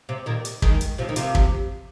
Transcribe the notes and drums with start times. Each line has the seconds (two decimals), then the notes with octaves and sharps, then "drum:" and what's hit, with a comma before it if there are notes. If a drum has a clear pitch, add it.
0.09 C3
0.26 A#2 D#3
0.45 drum: hi-hat
0.62 D#3 G#3, drum: kick
0.81 drum: hi-hat
0.98 C3 F3
1.09 D#3
1.16 C3 F3, drum: hi-hat
1.35 drum: kick